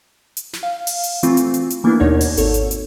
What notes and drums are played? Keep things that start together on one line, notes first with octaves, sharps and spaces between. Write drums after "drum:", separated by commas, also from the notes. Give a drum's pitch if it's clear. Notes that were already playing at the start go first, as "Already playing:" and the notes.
drum: hi-hat
drum: snare
F5
drum: open hi-hat
drum: hi-hat
E3 A3 C4 F4 F#4, drum: hi-hat
drum: hi-hat
drum: hi-hat
drum: hi-hat
E3 A#3 B3 D4 E4
D#2 B2 D#4 C#5 D5 G#6
drum: open hi-hat
G#1 A4 C#5, drum: hi-hat
drum: hi-hat
drum: hi-hat